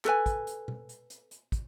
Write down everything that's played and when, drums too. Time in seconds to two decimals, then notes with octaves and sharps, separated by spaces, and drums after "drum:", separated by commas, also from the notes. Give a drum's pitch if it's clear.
0.05 A4 B4 G#5, drum: clap
0.26 drum: kick, hi-hat
0.47 drum: hi-hat
0.68 drum: tom B2
0.89 drum: hi-hat
1.10 drum: hi-hat
1.31 drum: hi-hat
1.52 drum: kick, hi-hat